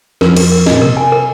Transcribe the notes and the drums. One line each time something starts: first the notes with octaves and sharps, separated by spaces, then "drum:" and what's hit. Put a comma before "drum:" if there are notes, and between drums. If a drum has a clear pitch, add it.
F2 F3 A#4, drum: snare
A#4, drum: cymbal
A#4
A#2 D#5, drum: snare
C3 A#4
G#5
A#4